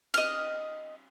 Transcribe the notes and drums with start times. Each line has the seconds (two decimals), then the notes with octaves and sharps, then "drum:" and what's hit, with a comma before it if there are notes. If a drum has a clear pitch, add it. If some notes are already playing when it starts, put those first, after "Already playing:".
0.14 D#5 F6, drum: cymbal